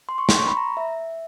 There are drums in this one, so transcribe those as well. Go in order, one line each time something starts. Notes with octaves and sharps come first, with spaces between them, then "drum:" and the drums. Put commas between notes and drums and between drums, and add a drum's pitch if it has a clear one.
C6
C#6
C6, drum: snare
C#6
B5
A#5
E5